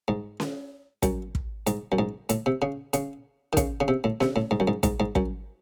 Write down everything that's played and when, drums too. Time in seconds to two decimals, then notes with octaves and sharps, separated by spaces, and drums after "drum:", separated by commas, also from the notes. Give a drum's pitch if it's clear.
0.08 G#2
0.40 drum: snare C#4
1.03 F#2, drum: kick, hi-hat
1.35 drum: kick
1.67 G#2, drum: hi-hat
1.92 F#2
1.99 G#2
2.29 A2, drum: hi-hat
2.46 C3
2.62 C#3
2.93 C#3, drum: hi-hat
3.53 D#3
3.57 C#3, drum: kick, hi-hat
3.81 C#3
3.88 C3
4.04 A2
4.21 C3, drum: snare C#4
4.36 A2
4.51 G#2
4.60 F#2
4.68 G#2
4.83 G#2, drum: kick, hi-hat
5.00 G#2
5.15 F#2, drum: kick